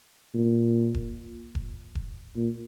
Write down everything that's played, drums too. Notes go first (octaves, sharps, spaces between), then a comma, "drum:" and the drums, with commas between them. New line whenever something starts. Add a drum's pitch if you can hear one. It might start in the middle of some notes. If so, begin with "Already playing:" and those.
A#2
drum: kick E1
drum: kick E1
drum: kick E1
A#2